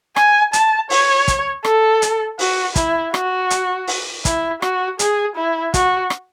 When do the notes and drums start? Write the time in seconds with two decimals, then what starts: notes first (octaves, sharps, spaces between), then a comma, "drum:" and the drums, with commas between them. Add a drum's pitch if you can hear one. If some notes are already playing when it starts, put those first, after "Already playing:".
0.16 G#5, drum: rim click
0.53 A5, drum: hi-hat
0.90 C#5, drum: open hi-hat
1.28 drum: kick, hi-hat
1.64 A4, drum: rim click
2.02 drum: hi-hat
2.39 F#4, drum: open hi-hat
2.76 E4, drum: kick, hi-hat
3.14 F#4, drum: rim click
3.50 drum: hi-hat
3.88 drum: open hi-hat
4.25 E4, drum: kick, hi-hat
4.62 F#4, drum: rim click
4.99 G#4, drum: hi-hat
5.36 E4
5.74 F#4, drum: kick, hi-hat
6.10 drum: rim click